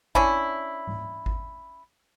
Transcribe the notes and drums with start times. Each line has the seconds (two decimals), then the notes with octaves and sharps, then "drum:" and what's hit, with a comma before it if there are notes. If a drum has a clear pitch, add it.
0.15 C#4 D4 E4, drum: kick G#1
0.87 drum: tom G#2
1.26 drum: kick G#1